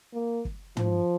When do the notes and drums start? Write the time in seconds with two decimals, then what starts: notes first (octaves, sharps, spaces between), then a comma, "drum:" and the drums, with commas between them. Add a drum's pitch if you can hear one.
0.13 A#3
0.45 drum: kick
0.77 F3, drum: tom